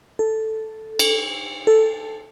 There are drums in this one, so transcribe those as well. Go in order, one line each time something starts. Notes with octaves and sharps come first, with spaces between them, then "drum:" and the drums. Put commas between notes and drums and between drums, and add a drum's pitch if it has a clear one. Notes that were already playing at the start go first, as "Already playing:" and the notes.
A4
drum: cymbal
A4